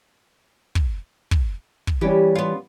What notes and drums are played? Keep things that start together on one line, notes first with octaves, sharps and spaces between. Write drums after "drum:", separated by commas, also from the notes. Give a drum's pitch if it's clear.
drum: kick
drum: kick
drum: kick
E3 G3 C#4 G4
B3 F4